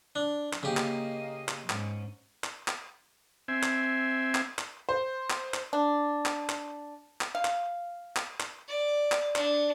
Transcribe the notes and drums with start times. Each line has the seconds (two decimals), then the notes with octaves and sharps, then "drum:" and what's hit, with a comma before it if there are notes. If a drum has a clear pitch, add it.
0.16 D4
0.53 drum: clap
0.63 C#3 A#3 G4 D#5
0.77 drum: clap
1.49 drum: clap
1.70 G#2 C#4, drum: clap
2.44 drum: clap
2.68 drum: clap
3.48 C4 E5 G#5
3.63 drum: clap
4.35 drum: clap
4.59 drum: clap
4.89 C5
5.30 drum: clap
5.54 drum: clap
5.73 D4
6.26 drum: clap
6.49 drum: clap
7.21 drum: clap
7.35 F5
7.45 drum: clap
8.16 drum: clap
8.40 drum: clap
8.68 D5
9.12 drum: clap
9.36 D4, drum: clap